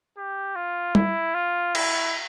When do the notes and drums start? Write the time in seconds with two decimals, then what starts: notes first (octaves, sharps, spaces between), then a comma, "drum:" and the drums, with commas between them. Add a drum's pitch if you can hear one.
0.17 G4
0.56 F4
0.95 E4, drum: tom G3
1.34 F4
1.75 E4, drum: cymbal